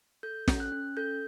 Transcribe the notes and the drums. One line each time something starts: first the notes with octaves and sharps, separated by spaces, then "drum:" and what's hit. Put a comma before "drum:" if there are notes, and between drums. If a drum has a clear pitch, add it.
A4 G6
C#4, drum: snare
F#6
C#4
A4 G6